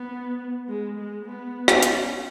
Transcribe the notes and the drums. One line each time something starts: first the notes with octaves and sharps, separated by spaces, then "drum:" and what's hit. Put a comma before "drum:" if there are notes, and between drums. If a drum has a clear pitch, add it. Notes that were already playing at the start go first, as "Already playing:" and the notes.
Already playing: B3
G#3
G#3
B3
drum: rim click
C#4, drum: hi-hat